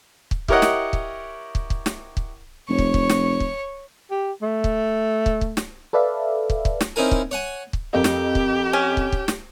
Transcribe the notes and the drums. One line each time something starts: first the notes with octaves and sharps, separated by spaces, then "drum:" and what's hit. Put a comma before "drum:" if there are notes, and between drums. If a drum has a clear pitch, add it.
drum: kick
E4 G4 A#4 C#5 D#5 F#5, drum: kick
drum: snare
drum: kick
drum: kick
drum: kick
drum: snare
drum: kick
F1 C#5 C#6
drum: kick
drum: kick
drum: snare
drum: kick
G4
A3
drum: kick
drum: kick
drum: kick
drum: snare
A4 B4 D5 E5 F5
drum: kick
drum: kick
drum: snare
C4 C#4 D#4 E4 A#4 G#5
drum: kick
C#5 F#5 G#5
drum: kick
F2 G4 A#4 D#5
drum: snare
drum: kick
C#4
drum: kick
drum: kick
drum: snare